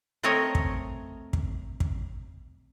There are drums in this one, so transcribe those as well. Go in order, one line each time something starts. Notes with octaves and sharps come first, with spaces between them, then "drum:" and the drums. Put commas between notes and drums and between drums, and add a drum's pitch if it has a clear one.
A3 C4 A4 A#4 C#5 D#5
drum: kick
drum: kick
drum: kick